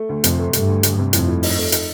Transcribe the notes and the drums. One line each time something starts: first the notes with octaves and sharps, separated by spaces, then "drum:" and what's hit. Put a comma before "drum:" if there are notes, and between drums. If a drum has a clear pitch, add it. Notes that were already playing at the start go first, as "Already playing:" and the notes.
Already playing: A3
D2
F2 C3, drum: hi-hat
A3
G2 A3, drum: hi-hat
D2
D2, drum: hi-hat
C3
F2 A2, drum: hi-hat
A2
D#4, drum: open hi-hat
A3
D#4, drum: hi-hat